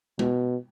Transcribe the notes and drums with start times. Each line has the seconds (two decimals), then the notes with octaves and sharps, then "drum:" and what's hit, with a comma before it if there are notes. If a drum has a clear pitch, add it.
0.19 B2, drum: tom G#3